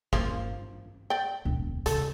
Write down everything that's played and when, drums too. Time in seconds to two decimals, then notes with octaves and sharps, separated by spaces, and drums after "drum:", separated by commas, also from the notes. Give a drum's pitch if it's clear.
0.13 F3 A#3, drum: kick G1
1.10 D5 G5
1.45 E1 D2
1.86 C#3 A4, drum: hi-hat